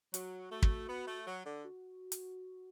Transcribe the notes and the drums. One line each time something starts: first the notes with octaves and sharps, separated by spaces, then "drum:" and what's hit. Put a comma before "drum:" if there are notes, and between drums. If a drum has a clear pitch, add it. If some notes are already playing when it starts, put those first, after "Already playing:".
F#3 F#4, drum: hi-hat
A3
drum: kick
B3
A3
F#3
D3
F#4
drum: hi-hat